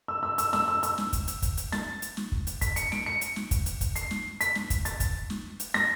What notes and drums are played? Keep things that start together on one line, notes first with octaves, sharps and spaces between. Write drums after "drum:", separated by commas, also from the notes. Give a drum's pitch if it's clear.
E6
E6
E6, drum: hi-hat
E6, drum: snare
E6
E6, drum: hi-hat
drum: snare
drum: kick, hi-hat
drum: hi-hat
drum: kick, hi-hat
drum: hi-hat
A6, drum: snare
drum: hi-hat
drum: snare
drum: kick
drum: hi-hat
B6, drum: kick, hi-hat
C#7, drum: hi-hat
D7, drum: snare
C#7
drum: hi-hat
drum: snare
drum: kick, hi-hat
drum: hi-hat
drum: kick, hi-hat
C7, drum: hi-hat
drum: snare
B6, drum: hi-hat
drum: snare
drum: kick, hi-hat
A6, drum: hi-hat
drum: kick, hi-hat
drum: snare
drum: hi-hat
A#6, drum: snare